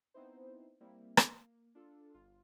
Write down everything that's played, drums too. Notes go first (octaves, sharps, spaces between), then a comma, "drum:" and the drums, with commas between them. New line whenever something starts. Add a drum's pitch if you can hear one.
B3 C4 D#4 E4 C5
G3 A#3 C4 E4
A#3, drum: rim click
D4 F4 A4
G1 F4